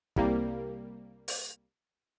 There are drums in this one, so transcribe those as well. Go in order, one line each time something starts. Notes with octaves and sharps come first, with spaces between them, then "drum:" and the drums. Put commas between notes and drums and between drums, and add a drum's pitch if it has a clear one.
C2 G3 A#3, drum: kick
drum: open hi-hat